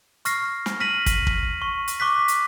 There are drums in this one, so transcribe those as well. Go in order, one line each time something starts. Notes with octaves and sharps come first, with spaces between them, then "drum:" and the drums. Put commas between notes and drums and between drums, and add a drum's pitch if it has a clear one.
C#6 F6 A#6 C7, drum: hi-hat
drum: snare
F6 A#6 B6 D#7 F#7
drum: kick, hi-hat
drum: kick
C#6
drum: hi-hat
C#6 D6 F#6 B6
drum: hi-hat